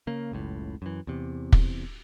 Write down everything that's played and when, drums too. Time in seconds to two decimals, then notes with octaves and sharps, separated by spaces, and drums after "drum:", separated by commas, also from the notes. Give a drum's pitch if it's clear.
0.07 C#3 A#3
0.32 F#1 C#2 A2
0.82 F#2 E3
1.07 E2 C3
1.52 drum: kick